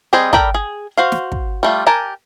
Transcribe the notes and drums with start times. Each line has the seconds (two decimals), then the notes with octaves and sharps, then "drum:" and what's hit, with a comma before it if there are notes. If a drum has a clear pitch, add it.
0.13 G3 C4 G#4 C5 D#5
0.33 A4 A#4 D5 G5 B5, drum: kick
0.54 G#4
0.98 F#4 C5 F5
1.12 drum: snare
1.32 drum: kick
1.63 G3 A3 F4
1.87 G4 A#4 G#5 A5